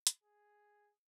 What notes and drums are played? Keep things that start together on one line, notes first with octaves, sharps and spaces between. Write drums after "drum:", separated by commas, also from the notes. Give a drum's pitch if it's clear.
drum: hi-hat
G#4